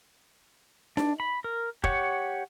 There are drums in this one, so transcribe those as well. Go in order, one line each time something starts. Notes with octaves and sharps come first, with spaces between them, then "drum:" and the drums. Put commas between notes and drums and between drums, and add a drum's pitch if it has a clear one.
D4, drum: snare D#4
B5
A#4
G4 C#5 F#5, drum: kick